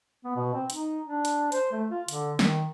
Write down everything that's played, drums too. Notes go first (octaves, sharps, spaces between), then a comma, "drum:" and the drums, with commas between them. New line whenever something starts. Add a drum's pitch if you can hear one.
B3
B2
C4
D#4, drum: hi-hat
D4
drum: hi-hat
C5, drum: hi-hat
A3
F4
D3, drum: hi-hat
D#3, drum: snare